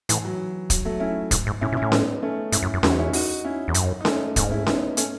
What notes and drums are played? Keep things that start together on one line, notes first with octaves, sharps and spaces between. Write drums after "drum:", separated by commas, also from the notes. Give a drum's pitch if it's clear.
A2 E3, drum: hi-hat
F#3
F#3, drum: kick, hi-hat
F#3 A3
C#4 E4
G#2, drum: kick, hi-hat
G#2
A2 C#4 E4
B2
C#4 E4
A2
B3 D#4, drum: snare C#4
A3 C#4
G#2 C#4 E4, drum: hi-hat
F#2
F#2
E2 D#4 F#4, drum: snare C#4
C#4 E4
D#4 F#4, drum: open hi-hat
C#4 E4
E2
F#2, drum: hi-hat
D#4
A3 C#4, drum: snare C#4
G#2 A3 C#4, drum: kick, hi-hat
C#4 E4
B3 D#4, drum: snare C#4
A3 C#4, drum: hi-hat